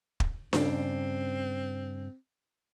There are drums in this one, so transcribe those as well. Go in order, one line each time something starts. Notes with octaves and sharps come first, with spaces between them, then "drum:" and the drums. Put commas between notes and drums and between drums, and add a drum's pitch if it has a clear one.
drum: kick
G2 C#3 C4 D4, drum: snare D4